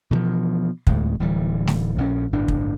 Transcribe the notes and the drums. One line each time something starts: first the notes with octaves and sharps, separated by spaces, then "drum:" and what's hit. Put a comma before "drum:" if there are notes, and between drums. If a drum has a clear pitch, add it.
B2 D3 E3 F3
D2 A2 G#3, drum: kick
D1 E3 G3
drum: snare A3
A#1 C#4
G1 A2 D4
drum: kick